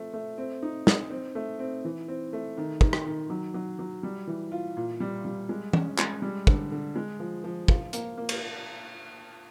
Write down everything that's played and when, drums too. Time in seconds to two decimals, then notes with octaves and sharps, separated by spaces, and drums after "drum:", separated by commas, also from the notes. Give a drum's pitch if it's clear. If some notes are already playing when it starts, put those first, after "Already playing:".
Already playing: F3 A3 C4
0.14 A3
0.38 C4
0.63 D#4
0.87 D#4, drum: snare
1.10 C4
1.35 A3
1.59 C4
1.85 E3
2.08 C4
2.33 A3
2.57 D#3
2.81 D#3, drum: kick
2.93 drum: rim click
3.06 D#3
3.30 F#3
3.54 F#3
3.79 F#3
4.03 G3
4.27 E3
4.52 F4
4.77 A#2
5.00 G3
5.25 G3
5.49 G#3
5.73 C#4, drum: tom
5.98 G#3, drum: clap
6.22 G3
6.47 D3, drum: kick
6.72 D3
6.96 G#3
7.20 F3
7.44 F3
7.68 F4, drum: kick
7.93 A#3, drum: hi-hat
8.17 A#3
8.29 drum: cymbal